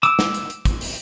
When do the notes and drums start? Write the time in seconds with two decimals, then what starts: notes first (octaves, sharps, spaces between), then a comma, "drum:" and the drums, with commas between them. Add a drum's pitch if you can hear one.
0.03 D6 E6, drum: hi-hat
0.19 drum: snare
0.34 drum: hi-hat
0.50 drum: hi-hat
0.65 drum: kick, hi-hat
0.81 drum: open hi-hat